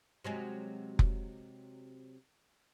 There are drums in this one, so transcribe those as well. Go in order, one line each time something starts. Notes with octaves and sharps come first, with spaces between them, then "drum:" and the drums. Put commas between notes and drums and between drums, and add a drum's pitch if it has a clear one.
C3 F#3 G#3
drum: kick F1